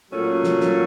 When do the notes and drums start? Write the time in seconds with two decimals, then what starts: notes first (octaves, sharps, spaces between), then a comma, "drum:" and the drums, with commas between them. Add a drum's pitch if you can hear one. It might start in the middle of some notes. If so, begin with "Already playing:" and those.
0.11 A#2 F#3 A3 C#4
0.44 drum: snare
0.61 drum: snare